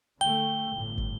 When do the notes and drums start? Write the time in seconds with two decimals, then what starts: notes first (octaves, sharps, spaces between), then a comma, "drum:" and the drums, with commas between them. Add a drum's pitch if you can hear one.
0.21 D3 A3 G5 G7
0.71 G1 A2
0.98 drum: kick